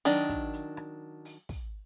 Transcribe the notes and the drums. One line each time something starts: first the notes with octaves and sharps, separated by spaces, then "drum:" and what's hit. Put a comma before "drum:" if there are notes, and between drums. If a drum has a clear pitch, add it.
D#3 F#3 D4, drum: hi-hat
drum: kick, hi-hat
drum: hi-hat
drum: rim click
drum: open hi-hat
drum: kick, open hi-hat